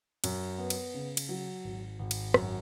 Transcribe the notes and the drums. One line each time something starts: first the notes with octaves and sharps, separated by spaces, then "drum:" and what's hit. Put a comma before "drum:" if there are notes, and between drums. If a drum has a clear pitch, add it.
F#2, drum: cymbal
B3
drum: cymbal
C#3
drum: cymbal
F#3
G#1
G#1
drum: cymbal
F#2, drum: rim click